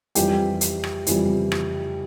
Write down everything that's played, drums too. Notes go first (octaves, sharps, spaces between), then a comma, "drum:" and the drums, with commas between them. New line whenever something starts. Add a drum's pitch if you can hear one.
F2 E3 G3 G4 G5, drum: hi-hat
drum: hi-hat
drum: rim click
F2 E3 G3, drum: hi-hat
drum: rim click